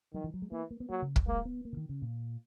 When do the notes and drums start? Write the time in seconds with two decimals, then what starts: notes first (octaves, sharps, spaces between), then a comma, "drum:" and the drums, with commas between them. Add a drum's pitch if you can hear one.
0.14 D#3 F#3
0.24 E3
0.34 F#3
0.42 G#3
0.52 E3 A#3
0.71 A#3
0.80 B3
0.90 F#3 A#3
1.02 C#3
1.16 drum: kick
1.27 G#3 A#3
1.45 B3
1.65 A#3
1.73 C#3
1.77 D#3
1.89 C#3
2.02 A#2